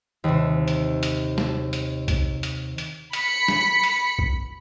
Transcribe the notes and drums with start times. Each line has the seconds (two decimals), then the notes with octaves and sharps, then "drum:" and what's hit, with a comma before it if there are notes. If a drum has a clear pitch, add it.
0.24 D#2 C3
0.68 drum: hi-hat
1.03 drum: hi-hat
1.38 drum: snare
1.73 drum: hi-hat
2.08 drum: kick B1, hi-hat
2.43 drum: hi-hat
2.78 drum: hi-hat
3.13 B5 B6 C#7, drum: hi-hat
3.48 drum: snare
3.84 drum: hi-hat
4.19 drum: kick B1